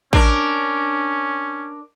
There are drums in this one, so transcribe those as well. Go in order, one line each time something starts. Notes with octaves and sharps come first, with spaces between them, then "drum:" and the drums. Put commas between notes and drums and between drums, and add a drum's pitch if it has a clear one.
C#4 D4 A#4, drum: kick A1